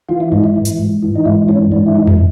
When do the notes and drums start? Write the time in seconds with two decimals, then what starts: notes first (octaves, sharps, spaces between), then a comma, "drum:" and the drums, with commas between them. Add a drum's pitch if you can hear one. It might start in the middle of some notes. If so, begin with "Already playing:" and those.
0.08 E3 F4
0.20 E4
0.32 G#2 D#4
0.44 E4
0.56 E3
0.65 drum: hi-hat
0.79 G#2
1.03 E3
1.16 D#4
1.25 G#2 E4
1.48 E3 C#4
1.71 G#2 D4
1.86 E4
1.95 E3 D#4
2.07 drum: tom F2